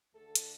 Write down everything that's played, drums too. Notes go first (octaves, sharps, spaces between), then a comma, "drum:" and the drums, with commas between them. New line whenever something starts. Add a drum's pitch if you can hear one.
D2 D3 A3 A4
drum: hi-hat